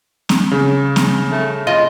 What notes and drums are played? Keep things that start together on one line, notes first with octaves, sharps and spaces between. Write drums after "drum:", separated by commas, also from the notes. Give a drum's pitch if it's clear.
drum: snare C4
C#3
drum: snare C4
A3
F4 D#5